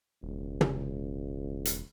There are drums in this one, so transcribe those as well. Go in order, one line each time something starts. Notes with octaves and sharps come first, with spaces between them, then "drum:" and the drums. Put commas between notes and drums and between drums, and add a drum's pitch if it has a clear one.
E1 C#2
drum: tom
drum: hi-hat